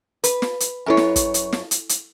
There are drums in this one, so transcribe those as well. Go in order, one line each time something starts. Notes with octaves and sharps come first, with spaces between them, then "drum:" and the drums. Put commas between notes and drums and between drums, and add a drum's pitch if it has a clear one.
B4, drum: hi-hat
drum: snare
drum: hi-hat
F#2 E4 A4 B4 C#5 G#5
drum: snare
drum: kick, hi-hat
drum: hi-hat
drum: snare
drum: hi-hat
drum: hi-hat